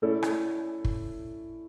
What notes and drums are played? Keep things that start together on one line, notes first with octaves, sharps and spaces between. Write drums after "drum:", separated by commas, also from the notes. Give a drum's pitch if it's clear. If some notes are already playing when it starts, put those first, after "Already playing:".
A3 C#4 E4 A4 D5
drum: rim click
drum: kick